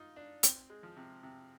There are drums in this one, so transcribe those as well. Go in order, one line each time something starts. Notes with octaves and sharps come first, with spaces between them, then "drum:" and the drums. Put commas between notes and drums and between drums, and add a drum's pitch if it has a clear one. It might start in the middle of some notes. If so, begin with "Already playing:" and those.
Already playing: D#4 F4
D4
C4, drum: hi-hat
G#3
F3
C3
C3